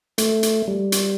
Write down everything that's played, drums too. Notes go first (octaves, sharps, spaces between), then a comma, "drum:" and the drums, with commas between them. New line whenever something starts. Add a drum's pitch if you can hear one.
A3, drum: hi-hat
drum: hi-hat
G3
drum: hi-hat